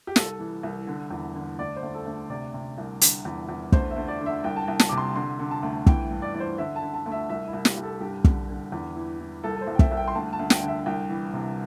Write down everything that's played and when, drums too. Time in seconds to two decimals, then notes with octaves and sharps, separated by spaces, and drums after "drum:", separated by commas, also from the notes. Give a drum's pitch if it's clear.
0.07 G4
0.16 C2 A4, drum: snare
0.40 E3
0.63 C2
0.87 D3
1.11 E2
1.35 D3
1.59 D2 D5
1.76 C5
1.82 D2
1.94 A4
2.06 D2
2.30 C3 D5
2.54 C3
2.78 C2
3.01 D3, drum: hi-hat
3.25 E2
3.49 E2
3.72 D2 C5, drum: kick
3.91 E5
3.96 D2
4.08 D5
4.20 D3
4.26 E5
4.44 C2 G5
4.56 A5
4.62 G5
4.68 C2
4.79 A5, drum: snare
4.89 C3 D6
4.98 C6
5.15 D3 C6
5.39 D3
5.51 A5
5.63 D2
5.86 E3 G5, drum: kick
6.11 G2
6.22 D5
6.34 E3 D5
6.40 C5
6.58 D3 E5
6.76 A5
6.82 D3
6.94 A5
7.06 D2
7.12 E5
7.29 C2 E5
7.48 E4
7.53 C2
7.65 G4, drum: snare
7.77 C2
7.83 A4
8.00 G2 G4
8.24 D3, drum: kick
8.49 D3
8.72 E2
8.96 E3
9.20 E3
9.44 C2 A4
9.56 A4
9.61 C5
9.67 C2
9.75 G5
9.79 E5, drum: kick
9.91 C2 E5
9.97 G5
10.08 C6
10.15 D2 A5
10.33 A5
10.39 D2
10.50 G5, drum: snare
10.63 D3
10.68 E5
10.86 C2 G5
11.10 E3
11.34 C3